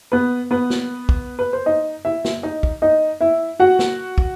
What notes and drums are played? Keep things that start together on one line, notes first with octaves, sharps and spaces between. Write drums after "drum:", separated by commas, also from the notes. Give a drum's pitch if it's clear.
B3 B4
B3 B4
drum: snare
drum: kick
B4
C5
D#4 D#5
E4 E5
drum: snare
D#4 D#5
drum: kick
D#4 D#5
E4 E5
F#4 F#5
drum: snare
drum: kick